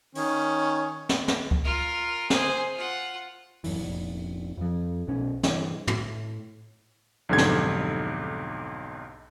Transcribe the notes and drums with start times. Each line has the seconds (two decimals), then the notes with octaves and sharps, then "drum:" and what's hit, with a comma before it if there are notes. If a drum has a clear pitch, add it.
0.15 D#3 C#4, drum: open hi-hat
1.09 drum: snare
1.28 drum: snare
1.51 drum: kick C#2
1.64 F4 A#4
2.30 G#4 C5, drum: snare
2.75 F4 F#5
3.64 D1 F#2 E3, drum: open hi-hat
3.80 F1 A#1
4.58 F2 F3
5.07 B1 B2 C#4
5.43 G2 C3 E3, drum: snare
5.87 A2, drum: tom
7.29 B1 F2 G#2 D3 G4 G#6
7.38 drum: snare